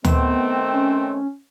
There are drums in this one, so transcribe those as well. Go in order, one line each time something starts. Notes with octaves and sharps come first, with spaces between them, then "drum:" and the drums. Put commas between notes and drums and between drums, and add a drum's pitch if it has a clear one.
D#3 A3 B3 C4, drum: tom D2
C#4